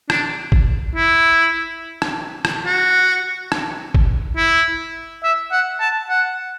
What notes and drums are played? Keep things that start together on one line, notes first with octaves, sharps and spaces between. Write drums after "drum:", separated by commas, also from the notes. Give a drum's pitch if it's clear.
D4, drum: rim click
drum: kick
E4
drum: rim click
drum: rim click
F#4
drum: rim click
drum: kick
E4
E5
F#5
A5
F#5